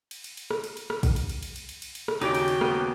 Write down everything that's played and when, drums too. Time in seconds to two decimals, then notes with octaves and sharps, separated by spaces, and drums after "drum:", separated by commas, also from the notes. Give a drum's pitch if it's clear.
0.11 drum: cymbal
0.24 drum: cymbal
0.37 drum: cymbal
0.51 drum: rim click
0.64 drum: cymbal
0.77 drum: cymbal
0.90 drum: rim click
1.03 drum: kick, cymbal
1.16 drum: cymbal
1.29 drum: cymbal
1.43 drum: cymbal
1.56 drum: cymbal
1.69 drum: cymbal
1.82 drum: cymbal
1.95 drum: cymbal
2.08 drum: rim click
2.21 D#2 C#3 C#4 D#4 F#4 G4 D5 G5, drum: cymbal
2.35 drum: cymbal
2.48 drum: cymbal
2.61 A#3 B3, drum: rim click